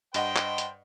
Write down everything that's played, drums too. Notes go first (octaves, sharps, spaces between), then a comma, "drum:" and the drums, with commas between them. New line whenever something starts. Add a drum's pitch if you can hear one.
G2 C5 D#5 F#5 G5, drum: hi-hat
drum: clap
drum: hi-hat